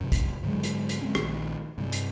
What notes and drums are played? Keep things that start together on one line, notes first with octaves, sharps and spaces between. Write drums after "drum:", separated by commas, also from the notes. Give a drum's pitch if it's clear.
F#2 C3
drum: kick, hi-hat
G#2 D3 F#3 G#3
drum: hi-hat
drum: hi-hat
D3 G#3 C4 C#4
A#1 D#3, drum: rim click
G2 C3 G3
drum: hi-hat